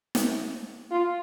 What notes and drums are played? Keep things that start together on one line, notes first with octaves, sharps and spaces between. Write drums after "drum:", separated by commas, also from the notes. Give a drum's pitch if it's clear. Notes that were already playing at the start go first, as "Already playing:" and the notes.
drum: snare
F4